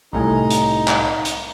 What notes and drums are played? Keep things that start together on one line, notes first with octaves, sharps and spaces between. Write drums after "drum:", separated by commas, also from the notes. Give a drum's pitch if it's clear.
C2 A2 D#4 G#5
drum: hi-hat
drum: clap
drum: hi-hat